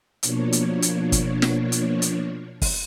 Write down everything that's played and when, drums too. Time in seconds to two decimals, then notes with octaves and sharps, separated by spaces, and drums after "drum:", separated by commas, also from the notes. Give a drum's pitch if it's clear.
0.23 B2 F3 A#3 D4 C#5, drum: hi-hat
0.53 drum: hi-hat
0.82 drum: hi-hat
1.12 drum: kick, hi-hat
1.42 drum: snare
1.72 drum: hi-hat
2.02 drum: hi-hat
2.62 drum: kick, open hi-hat